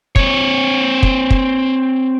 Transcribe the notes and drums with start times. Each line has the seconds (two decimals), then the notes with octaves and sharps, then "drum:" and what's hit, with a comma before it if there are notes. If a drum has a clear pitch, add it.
0.16 C4 C#5, drum: kick
1.03 drum: kick
1.30 drum: kick